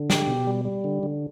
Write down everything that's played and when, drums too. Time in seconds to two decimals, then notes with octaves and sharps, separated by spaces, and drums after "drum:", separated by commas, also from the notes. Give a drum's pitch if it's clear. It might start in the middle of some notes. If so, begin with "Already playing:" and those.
Already playing: D3
0.10 G4, drum: snare
0.27 B2
0.47 G3
0.65 G3
0.84 D3
1.03 D3